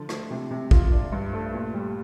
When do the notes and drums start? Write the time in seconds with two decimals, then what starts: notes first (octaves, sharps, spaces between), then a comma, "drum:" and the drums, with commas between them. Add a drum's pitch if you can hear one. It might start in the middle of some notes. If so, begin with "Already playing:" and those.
Already playing: D3 F3
0.09 A3, drum: rim click
0.30 C3
0.51 C3
0.71 F4, drum: kick
0.92 D4
1.12 G2
1.33 A3
1.54 A#2
1.74 G3